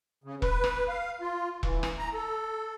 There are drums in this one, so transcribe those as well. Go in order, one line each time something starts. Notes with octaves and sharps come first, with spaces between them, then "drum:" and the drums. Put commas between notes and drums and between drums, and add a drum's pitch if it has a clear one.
C#3
B4, drum: kick E1
drum: rim click
F5
F4
E3, drum: kick E1
drum: rim click
A#5
A4